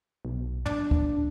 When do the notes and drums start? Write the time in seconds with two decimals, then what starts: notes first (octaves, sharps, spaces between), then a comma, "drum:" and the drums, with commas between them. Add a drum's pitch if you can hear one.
0.25 B1
0.66 D4, drum: tom
0.91 drum: kick